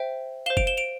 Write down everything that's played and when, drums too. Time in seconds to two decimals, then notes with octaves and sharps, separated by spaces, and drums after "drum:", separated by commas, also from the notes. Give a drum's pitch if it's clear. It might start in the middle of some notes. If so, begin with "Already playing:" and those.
Already playing: C5 E5 G5
0.46 C5 F5 E7 G7
0.57 D7 F7, drum: kick F1
0.67 E7 G7
0.77 D7 F7